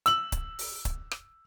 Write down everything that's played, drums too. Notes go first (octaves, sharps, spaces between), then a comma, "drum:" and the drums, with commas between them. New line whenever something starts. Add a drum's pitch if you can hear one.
E6 F#7, drum: hi-hat
drum: kick C#1, hi-hat
drum: open hi-hat
drum: kick C#1, hi-hat
drum: rim click